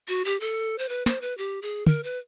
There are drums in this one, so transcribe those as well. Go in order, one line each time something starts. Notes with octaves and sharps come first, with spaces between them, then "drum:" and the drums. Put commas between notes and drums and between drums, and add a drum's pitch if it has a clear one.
F#4
G4
A4
C5
B4
C5, drum: snare
B4
G4
G#4
A#4, drum: tom
B4